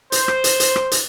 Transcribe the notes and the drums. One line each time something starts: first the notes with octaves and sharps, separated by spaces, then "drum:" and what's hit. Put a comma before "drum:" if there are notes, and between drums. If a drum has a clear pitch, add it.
C5, drum: hi-hat
drum: rim click
drum: hi-hat
drum: hi-hat
drum: rim click
drum: hi-hat